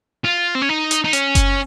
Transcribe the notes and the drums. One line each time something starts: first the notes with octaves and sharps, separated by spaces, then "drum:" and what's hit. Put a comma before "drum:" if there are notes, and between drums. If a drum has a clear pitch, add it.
F4
C4
C#4
D#4
drum: hi-hat
D#4
C#4, drum: hi-hat
drum: kick F#1, hi-hat